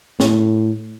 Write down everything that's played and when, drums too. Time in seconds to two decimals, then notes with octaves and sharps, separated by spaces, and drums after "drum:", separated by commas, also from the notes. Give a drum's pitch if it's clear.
0.20 A2, drum: snare